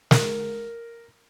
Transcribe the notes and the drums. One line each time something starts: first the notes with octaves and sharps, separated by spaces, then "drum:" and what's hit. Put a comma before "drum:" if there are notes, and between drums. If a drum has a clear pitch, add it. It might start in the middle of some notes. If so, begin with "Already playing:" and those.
A#4, drum: snare